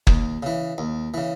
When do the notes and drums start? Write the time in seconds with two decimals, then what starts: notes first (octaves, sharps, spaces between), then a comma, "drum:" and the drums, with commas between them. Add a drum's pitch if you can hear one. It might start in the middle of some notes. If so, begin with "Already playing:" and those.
0.07 D#2, drum: kick
0.43 C#3 E3
0.78 D#2
1.14 C#3 E3